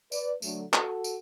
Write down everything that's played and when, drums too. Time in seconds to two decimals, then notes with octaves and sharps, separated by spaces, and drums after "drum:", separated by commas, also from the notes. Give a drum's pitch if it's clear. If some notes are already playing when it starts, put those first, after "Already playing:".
0.12 B4 D5, drum: tambourine
0.42 D3 F#3 A3, drum: tambourine
0.73 F#4 A4, drum: clap
1.04 drum: tambourine